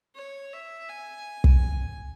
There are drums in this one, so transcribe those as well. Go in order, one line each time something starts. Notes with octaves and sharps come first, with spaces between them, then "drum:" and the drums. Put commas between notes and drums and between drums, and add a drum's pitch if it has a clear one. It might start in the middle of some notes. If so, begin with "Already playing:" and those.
C#5
E5
G#5
drum: kick